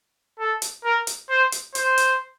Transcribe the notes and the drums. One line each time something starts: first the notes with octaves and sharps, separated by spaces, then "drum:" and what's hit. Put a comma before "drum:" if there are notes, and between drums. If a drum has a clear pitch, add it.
A4
drum: hi-hat
A#4
drum: hi-hat
C5
drum: hi-hat
C5, drum: hi-hat
drum: hi-hat